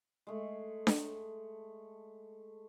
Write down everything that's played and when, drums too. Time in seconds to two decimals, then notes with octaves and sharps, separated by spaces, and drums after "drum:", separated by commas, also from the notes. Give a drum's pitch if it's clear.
0.27 G#3 A3
0.87 drum: snare D4